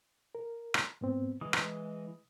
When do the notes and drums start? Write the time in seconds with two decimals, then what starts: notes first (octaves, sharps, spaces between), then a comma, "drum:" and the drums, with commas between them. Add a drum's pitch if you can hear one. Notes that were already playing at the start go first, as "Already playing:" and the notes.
0.35 A#4
0.74 drum: rim click
1.01 G#2 B3 C4
1.41 E3 G#3 D#6
1.53 drum: rim click